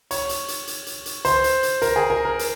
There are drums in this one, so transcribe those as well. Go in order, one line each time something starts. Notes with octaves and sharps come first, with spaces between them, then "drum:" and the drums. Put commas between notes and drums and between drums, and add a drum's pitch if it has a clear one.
C#5, drum: hi-hat
drum: hi-hat
drum: hi-hat
drum: hi-hat
drum: hi-hat
drum: hi-hat
C5, drum: hi-hat
drum: hi-hat
drum: hi-hat
A#4, drum: hi-hat
G#4
A#4
A#4
drum: hi-hat